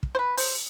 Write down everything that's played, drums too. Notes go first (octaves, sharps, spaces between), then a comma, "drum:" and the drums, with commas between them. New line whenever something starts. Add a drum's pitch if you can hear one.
drum: kick
C5
B4
C5, drum: open hi-hat